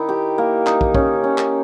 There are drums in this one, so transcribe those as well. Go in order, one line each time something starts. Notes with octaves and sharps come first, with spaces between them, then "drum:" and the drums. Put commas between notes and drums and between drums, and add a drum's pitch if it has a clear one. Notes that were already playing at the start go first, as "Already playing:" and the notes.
Already playing: D#3 D#4 E4
G4
A#3
D#4, drum: clap
drum: kick
C#4, drum: kick
C#4
drum: clap